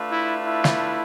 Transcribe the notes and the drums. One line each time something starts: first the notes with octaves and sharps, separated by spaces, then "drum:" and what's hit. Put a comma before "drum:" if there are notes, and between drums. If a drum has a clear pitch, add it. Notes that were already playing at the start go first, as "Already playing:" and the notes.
Already playing: A3 D4 F4 B4 E5
E4
E4
drum: snare